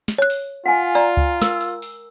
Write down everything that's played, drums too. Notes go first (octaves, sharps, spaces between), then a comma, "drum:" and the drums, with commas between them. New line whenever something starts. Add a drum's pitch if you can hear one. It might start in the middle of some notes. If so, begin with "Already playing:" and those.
drum: snare
C#5 F#6
drum: open hi-hat
F4 F#5 G#5
D5 A#5, drum: hi-hat
drum: kick C#2
A#4 E6, drum: snare
drum: open hi-hat
drum: open hi-hat